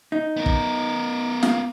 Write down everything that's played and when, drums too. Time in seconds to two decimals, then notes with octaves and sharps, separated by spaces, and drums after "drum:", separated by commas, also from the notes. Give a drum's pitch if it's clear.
0.12 D#4
0.37 B3 A#4
0.46 drum: kick
1.43 F5, drum: snare